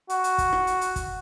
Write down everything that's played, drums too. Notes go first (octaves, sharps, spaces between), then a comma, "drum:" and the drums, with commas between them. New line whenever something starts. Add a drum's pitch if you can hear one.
F#4, drum: hi-hat
drum: hi-hat
drum: kick, hi-hat
drum: rim click
drum: hi-hat
drum: hi-hat
drum: kick, hi-hat